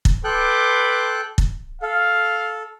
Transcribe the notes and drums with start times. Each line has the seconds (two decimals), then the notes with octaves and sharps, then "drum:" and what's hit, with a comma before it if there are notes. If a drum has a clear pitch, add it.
0.05 drum: kick
0.24 A4 B4 G5 C6 D6 F#6
1.38 drum: kick
1.82 A4 F5